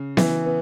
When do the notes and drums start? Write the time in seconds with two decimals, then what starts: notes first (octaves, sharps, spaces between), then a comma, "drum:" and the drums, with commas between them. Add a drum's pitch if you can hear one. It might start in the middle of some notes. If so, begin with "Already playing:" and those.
Already playing: C#3
0.17 E3, drum: snare B3
0.46 B3